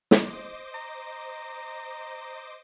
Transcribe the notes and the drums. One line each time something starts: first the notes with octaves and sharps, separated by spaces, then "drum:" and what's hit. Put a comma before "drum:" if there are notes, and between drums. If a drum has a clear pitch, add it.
C5 D#5 D6, drum: snare
A#5